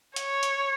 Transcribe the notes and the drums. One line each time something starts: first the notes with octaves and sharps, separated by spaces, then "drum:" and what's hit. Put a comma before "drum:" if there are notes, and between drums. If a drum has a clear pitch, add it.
C#5, drum: hi-hat
drum: hi-hat